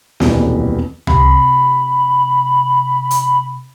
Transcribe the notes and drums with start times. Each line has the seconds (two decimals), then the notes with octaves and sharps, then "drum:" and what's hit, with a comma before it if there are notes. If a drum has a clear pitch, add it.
0.20 D#1 C2 F2 B2 E3 C#4, drum: snare
1.07 C3 B5, drum: tom C2
3.11 drum: hi-hat